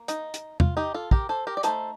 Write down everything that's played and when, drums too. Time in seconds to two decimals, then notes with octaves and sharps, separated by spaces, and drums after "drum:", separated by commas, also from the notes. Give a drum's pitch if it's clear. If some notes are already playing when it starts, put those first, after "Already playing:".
Already playing: A#3
0.08 D#4, drum: hi-hat
0.34 drum: hi-hat
0.60 F4, drum: tom E2
0.77 D#4 G4
0.94 F4 A4
1.11 G4 A#4, drum: kick
1.29 A4 C5
1.47 G4 A#4
1.57 D5
1.63 A3 C4 D#4 A4 C5, drum: hi-hat